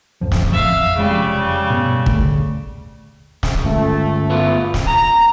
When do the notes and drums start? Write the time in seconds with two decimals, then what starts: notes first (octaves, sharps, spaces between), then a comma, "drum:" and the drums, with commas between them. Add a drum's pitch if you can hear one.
0.21 D1 F#2 F3
0.32 drum: snare
0.52 A1 F2 F3 E5 F5
0.98 F1 C#3 F3 G3 G#3
1.70 G2 B2
2.06 D#1 D3 A3, drum: kick
3.43 drum: snare
3.64 G1 C#2 A3
4.30 B3 E4 F4
4.74 drum: snare
4.87 A#5